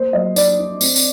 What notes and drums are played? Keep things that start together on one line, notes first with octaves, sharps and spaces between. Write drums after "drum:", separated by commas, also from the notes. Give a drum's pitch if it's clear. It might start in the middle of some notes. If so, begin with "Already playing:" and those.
Already playing: A#3 C5
F#3 D#5
D4 D5, drum: tambourine
D4
C4, drum: tambourine
drum: tambourine